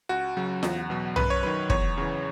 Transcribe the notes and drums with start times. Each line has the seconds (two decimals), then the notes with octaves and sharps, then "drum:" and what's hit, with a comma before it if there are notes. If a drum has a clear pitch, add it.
0.09 C#2 F#4
0.37 C#3 F#3
0.63 E2, drum: snare F4
0.90 B2 F#3
1.16 F#2 B4, drum: tom B1
1.30 C#5
1.43 D#3 F#3 B4
1.70 E2 C#5, drum: kick
1.98 C#3 E3